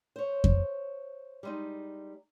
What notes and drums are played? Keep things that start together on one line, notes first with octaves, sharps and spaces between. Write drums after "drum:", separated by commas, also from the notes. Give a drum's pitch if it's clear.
C5 C#5
drum: kick F2
G3 G#3 D#4